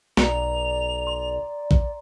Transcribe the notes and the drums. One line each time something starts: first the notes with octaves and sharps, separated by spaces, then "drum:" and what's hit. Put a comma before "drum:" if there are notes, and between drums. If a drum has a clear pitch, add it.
B1 D5 A#5 F7, drum: snare
C6
drum: kick